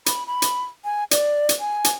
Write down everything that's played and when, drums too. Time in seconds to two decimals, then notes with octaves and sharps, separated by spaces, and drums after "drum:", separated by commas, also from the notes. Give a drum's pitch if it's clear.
0.06 B5, drum: hi-hat
0.27 B5
0.42 drum: hi-hat
0.84 G#5
1.11 D5, drum: hi-hat
1.49 drum: hi-hat
1.60 G#5
1.84 drum: hi-hat